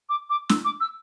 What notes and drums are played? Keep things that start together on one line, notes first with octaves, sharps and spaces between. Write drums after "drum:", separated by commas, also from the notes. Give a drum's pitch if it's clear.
D6
D6
E6, drum: snare
D6
E6